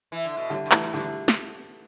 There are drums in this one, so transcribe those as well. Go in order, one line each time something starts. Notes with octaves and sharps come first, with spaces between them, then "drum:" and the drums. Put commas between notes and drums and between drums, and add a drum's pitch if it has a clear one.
E3
D3
B2
A2 D3 G3
G2
E3 A3, drum: clap
E2
G2 D3 G3
E2
drum: snare